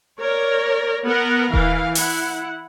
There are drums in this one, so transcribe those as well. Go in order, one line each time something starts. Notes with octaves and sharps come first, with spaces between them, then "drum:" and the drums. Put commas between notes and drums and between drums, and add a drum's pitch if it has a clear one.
A#4 C#5 D5
B3 A#4 F#5
E3 F5, drum: kick D#1
E4 F#5, drum: open hi-hat